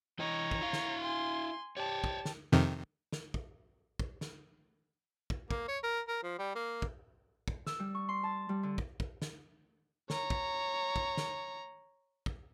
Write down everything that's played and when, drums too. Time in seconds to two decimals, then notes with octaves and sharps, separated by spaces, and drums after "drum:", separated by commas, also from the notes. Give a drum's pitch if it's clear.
0.19 E3 C#5 D#5 A#5
0.51 drum: kick
0.61 E4 F5
0.73 drum: snare
1.01 G#5 C6
1.77 G4 C#5 D5 A5
2.04 drum: kick
2.25 drum: snare
2.52 F2 C3 D#3
3.12 drum: snare
3.34 drum: kick
3.99 drum: kick
4.21 drum: snare
5.30 drum: kick
5.51 A#3, drum: kick
5.68 C#5
5.84 A#4
6.08 A#4
6.23 F3
6.39 G3
6.55 A#3
6.82 drum: kick
7.48 drum: kick
7.67 E6, drum: snare
7.79 G3
7.95 C#6
8.09 C6
8.23 A5
8.49 G3
8.63 D3
8.78 drum: kick
9.00 drum: kick
9.22 drum: snare
10.10 C#5 A#5, drum: snare
10.30 drum: kick
10.96 drum: kick
11.17 drum: snare
12.26 drum: kick